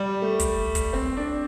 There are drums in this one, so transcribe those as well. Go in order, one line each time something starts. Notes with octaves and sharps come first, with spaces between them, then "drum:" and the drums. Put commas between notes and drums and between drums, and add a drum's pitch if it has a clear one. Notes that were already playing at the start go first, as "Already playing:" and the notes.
Already playing: G3
A3
drum: kick, hi-hat
drum: kick, hi-hat
C4
D4